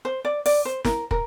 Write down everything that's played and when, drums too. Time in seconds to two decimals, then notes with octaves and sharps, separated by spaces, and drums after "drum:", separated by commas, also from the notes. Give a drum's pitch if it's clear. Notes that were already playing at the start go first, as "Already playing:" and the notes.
0.05 C5
0.25 D5
0.46 D5, drum: open hi-hat
0.65 C5
0.85 A#4, drum: snare
1.11 A#4, drum: kick